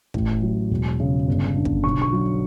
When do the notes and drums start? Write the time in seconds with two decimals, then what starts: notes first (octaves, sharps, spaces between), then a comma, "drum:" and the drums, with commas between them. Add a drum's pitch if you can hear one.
0.14 A1, drum: kick
0.42 F#3
0.71 E1
1.00 C#3
1.28 G1
1.56 D3
1.65 drum: kick
1.84 B1 C#6
2.02 C#6
2.13 F#3